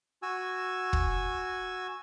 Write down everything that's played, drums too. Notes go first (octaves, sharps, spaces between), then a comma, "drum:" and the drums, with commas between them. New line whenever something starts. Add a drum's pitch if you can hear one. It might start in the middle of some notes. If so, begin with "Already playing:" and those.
F#4 G#5 E6
drum: kick